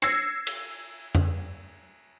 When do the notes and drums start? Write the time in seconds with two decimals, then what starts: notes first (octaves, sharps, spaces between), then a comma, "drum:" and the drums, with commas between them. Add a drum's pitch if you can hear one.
0.02 E6 G#6 A#6 C7 C#7, drum: hi-hat
0.47 drum: cymbal
1.15 drum: tom F2